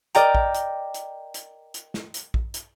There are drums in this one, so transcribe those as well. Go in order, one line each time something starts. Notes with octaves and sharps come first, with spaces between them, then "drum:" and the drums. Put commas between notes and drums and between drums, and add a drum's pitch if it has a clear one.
A#4 D5 D#5 G5 A#5, drum: hi-hat
drum: kick A#1
drum: hi-hat
drum: hi-hat
drum: hi-hat
drum: hi-hat
drum: snare
drum: hi-hat
drum: kick A#1
drum: hi-hat